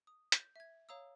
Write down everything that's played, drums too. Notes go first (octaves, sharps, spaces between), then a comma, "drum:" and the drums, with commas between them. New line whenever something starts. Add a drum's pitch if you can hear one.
D#6
G6, drum: hi-hat
E5 G#6
C#5 F5 A#5 D#6 E6